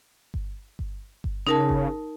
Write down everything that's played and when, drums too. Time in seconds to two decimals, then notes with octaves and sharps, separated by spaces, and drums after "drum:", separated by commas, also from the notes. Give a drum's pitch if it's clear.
0.34 drum: kick G1
0.79 drum: kick G1
1.24 drum: kick G1
1.47 C#3 D#4 A#4 A5
1.69 drum: kick G1